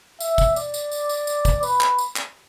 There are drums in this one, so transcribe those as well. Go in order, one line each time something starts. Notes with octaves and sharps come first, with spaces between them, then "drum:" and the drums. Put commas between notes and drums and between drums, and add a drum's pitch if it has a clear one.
E5, drum: tambourine
drum: kick, tambourine
D5, drum: tambourine
drum: tambourine
drum: tambourine
drum: tambourine
drum: tambourine
drum: kick, tambourine
B4, drum: tambourine
drum: clap
drum: tambourine
drum: clap